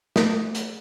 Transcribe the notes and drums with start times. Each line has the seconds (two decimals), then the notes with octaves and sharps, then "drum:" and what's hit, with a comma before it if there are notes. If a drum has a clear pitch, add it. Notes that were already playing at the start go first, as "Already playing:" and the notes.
0.16 A3, drum: snare
0.55 drum: hi-hat